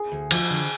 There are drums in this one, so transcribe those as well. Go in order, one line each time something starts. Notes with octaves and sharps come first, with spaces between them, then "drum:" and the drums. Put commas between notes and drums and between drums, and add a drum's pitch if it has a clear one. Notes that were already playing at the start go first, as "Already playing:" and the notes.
Already playing: G#4
D2
F3, drum: cymbal
D3